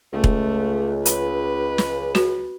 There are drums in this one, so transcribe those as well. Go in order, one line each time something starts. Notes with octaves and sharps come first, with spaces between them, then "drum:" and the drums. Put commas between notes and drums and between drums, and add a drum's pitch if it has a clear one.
C#2 A3
drum: kick E1
B4, drum: hi-hat
drum: snare
F#4, drum: snare